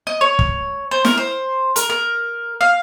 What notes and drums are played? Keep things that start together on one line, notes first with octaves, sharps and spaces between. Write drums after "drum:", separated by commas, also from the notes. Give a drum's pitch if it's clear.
D#5
C#5
drum: kick
C5
A#4, drum: snare
C5
A#4, drum: hi-hat
A#4
F5